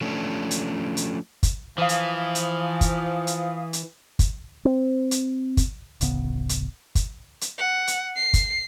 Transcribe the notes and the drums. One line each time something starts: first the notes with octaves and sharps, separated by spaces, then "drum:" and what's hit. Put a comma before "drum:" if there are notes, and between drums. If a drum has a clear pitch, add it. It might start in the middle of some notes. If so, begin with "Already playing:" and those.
F3 A3 C#4 D4
drum: hi-hat
drum: hi-hat
drum: kick, hi-hat
E3 F3 F5 D#6
drum: hi-hat
drum: hi-hat
drum: kick, hi-hat
drum: hi-hat
drum: hi-hat
drum: kick, hi-hat
C4
drum: hi-hat
drum: kick, hi-hat
D1 A1 C#3 B3, drum: hi-hat
drum: hi-hat
drum: kick, hi-hat
drum: hi-hat
F#5
drum: hi-hat
C7
drum: kick, hi-hat